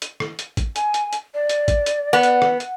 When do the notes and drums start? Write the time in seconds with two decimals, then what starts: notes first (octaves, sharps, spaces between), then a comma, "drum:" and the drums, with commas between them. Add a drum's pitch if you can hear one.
0.02 drum: hi-hat
0.20 drum: rim click
0.39 drum: hi-hat
0.57 drum: kick, hi-hat
0.76 G#5, drum: hi-hat
0.94 drum: hi-hat
1.13 drum: hi-hat
1.34 D5
1.49 drum: hi-hat
1.68 drum: kick, hi-hat
1.86 drum: hi-hat
2.13 B3
2.23 drum: hi-hat
2.42 drum: rim click
2.60 drum: hi-hat